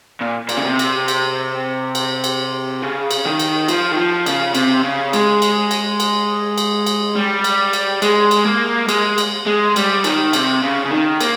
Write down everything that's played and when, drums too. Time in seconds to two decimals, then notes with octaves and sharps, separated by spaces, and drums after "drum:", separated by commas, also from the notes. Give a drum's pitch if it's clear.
0.21 A#2
0.49 A#2, drum: cymbal
0.57 C#3
0.64 C3
0.79 drum: cymbal
1.08 drum: cymbal
1.95 drum: cymbal
2.24 drum: cymbal
2.82 C#3
3.11 drum: cymbal
3.25 D#3
3.39 drum: cymbal
3.68 F3, drum: cymbal
3.92 D#3
3.97 F3
4.26 C#3, drum: cymbal
4.55 C3, drum: cymbal
4.84 C#3
5.13 G#3, drum: cymbal
5.42 drum: cymbal
5.71 drum: cymbal
6.00 drum: cymbal
6.58 drum: cymbal
6.87 drum: cymbal
7.16 G3
7.44 drum: cymbal
7.73 drum: cymbal
8.02 G#3, drum: cymbal
8.31 drum: cymbal
8.46 A#3
8.89 G#3, drum: cymbal
9.18 drum: cymbal
9.47 G#3
9.76 G3, drum: cymbal
10.04 D#3, drum: cymbal
10.33 C3, drum: cymbal
10.63 C#3
10.85 C#3
10.91 D#3
11.21 A#3, drum: cymbal